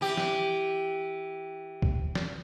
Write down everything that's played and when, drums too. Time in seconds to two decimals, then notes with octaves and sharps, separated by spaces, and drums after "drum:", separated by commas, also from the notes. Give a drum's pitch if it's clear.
0.01 E3 G4
0.17 drum: snare
1.82 drum: kick
2.15 drum: snare